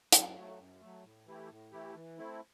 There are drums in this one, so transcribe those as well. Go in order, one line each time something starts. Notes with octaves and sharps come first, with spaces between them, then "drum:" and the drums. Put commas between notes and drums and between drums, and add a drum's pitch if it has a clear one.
F#2, drum: hi-hat
F#3 A3
F#2
F#3 A3
A2
E3 A3 E4 G4
A2
E3 A3 E4 G4
E3
A3 C4 E4